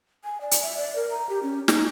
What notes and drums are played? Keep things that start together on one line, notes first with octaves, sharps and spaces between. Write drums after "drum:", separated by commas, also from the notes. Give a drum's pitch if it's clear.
G#5
D5
drum: hi-hat
E5
D5
A#4
A#5
G4
C#4
D#4, drum: snare